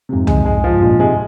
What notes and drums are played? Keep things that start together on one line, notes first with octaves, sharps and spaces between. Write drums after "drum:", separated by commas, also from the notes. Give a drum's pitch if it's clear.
F2 G#2 C3
G#3, drum: tom
G#3
F3
G#2
G2 A#2 G#3
G#2 C3 G#3